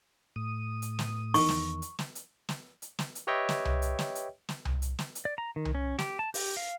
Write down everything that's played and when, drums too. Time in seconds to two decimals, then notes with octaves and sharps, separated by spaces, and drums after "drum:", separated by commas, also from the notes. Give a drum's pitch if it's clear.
0.36 A2 D#6
0.82 drum: hi-hat
0.99 drum: snare
1.34 E2 D#3 C#6, drum: open hi-hat
1.49 drum: snare
1.82 drum: hi-hat
1.99 drum: snare
2.15 drum: hi-hat
2.49 drum: snare
2.82 drum: hi-hat
2.99 drum: snare
3.15 drum: hi-hat
3.27 G4 B4 C#5 D#5 E5 G5
3.49 drum: snare
3.65 drum: tom C2
3.82 drum: hi-hat
3.99 drum: snare
4.15 drum: hi-hat
4.49 drum: snare
4.65 drum: tom C2
4.82 drum: hi-hat
4.99 drum: snare
5.15 drum: hi-hat
5.25 D5
5.38 A#5
5.56 D#3
5.65 drum: tom C2
5.75 C#4
5.99 G4, drum: snare
6.19 A5
6.34 G4, drum: open hi-hat
6.57 F5